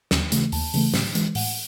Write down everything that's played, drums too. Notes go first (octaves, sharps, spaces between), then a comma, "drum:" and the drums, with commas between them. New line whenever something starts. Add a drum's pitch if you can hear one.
D#2, drum: snare
C#3 E3 A3, drum: hi-hat
D#2 A5, drum: open hi-hat
C#3 E3 A3, drum: open hi-hat
A2, drum: snare
E3 G#3, drum: hi-hat
A2 F#5, drum: open hi-hat